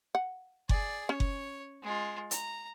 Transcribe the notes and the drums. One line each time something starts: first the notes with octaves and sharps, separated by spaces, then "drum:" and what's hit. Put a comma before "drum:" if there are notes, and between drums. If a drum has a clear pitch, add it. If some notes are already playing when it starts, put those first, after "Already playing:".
F#5
G#4 D5, drum: kick F#1
C#4 C#5
drum: kick F#1
G#3 F4
A#5, drum: hi-hat